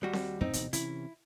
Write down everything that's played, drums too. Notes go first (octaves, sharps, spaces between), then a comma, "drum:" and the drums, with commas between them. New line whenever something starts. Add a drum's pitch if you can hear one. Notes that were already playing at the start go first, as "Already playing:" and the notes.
D#2 G3 F#4
drum: snare C4
F2 A2 F#3 C4 D#4
D1 B2 E3, drum: hi-hat
C3 E3 C#4 E4, drum: hi-hat